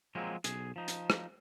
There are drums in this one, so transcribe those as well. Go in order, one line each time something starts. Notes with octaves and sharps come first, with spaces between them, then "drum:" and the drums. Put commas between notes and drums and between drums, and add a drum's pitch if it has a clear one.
F3 F#3 G#3 A#3 C4
B1 G#4, drum: hi-hat
F3 D#4
drum: hi-hat
drum: rim click